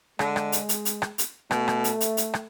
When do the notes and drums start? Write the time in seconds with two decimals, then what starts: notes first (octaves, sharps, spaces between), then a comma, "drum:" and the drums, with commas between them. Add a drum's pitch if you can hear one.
0.19 D3 G#3, drum: rim click
0.36 drum: rim click
0.52 drum: hi-hat
0.69 drum: hi-hat
0.85 drum: hi-hat
1.02 drum: rim click
1.18 drum: hi-hat
1.51 B2 A3, drum: rim click
1.68 drum: rim click
1.84 drum: hi-hat
2.01 drum: hi-hat
2.17 drum: hi-hat
2.34 drum: rim click